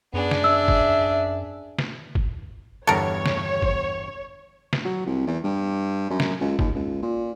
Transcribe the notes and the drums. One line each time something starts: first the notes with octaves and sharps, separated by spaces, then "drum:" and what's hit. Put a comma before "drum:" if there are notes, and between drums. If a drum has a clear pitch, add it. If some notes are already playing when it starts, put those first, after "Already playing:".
F#2 B3 D4 G#4
drum: snare
E5 E6
drum: kick
drum: snare
drum: kick
G1 E2 G2 A4 A#4 C#5
drum: snare
drum: kick
drum: snare
F#3
C2
E2
G2
F#2
drum: snare
C#2
D#2, drum: kick
C#2
A#2